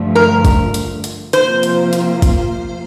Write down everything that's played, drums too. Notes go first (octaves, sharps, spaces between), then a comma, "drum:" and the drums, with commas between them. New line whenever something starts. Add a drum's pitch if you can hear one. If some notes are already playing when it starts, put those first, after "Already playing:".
Already playing: G2 D3 F3 A3
A#4
drum: kick, hi-hat
drum: hi-hat
drum: hi-hat
C3 F3 A#3 F4 C5, drum: hi-hat
drum: hi-hat
drum: hi-hat
drum: kick, hi-hat